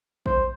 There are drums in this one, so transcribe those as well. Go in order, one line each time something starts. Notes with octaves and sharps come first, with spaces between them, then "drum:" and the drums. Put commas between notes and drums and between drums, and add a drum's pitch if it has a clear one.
C5, drum: kick A#1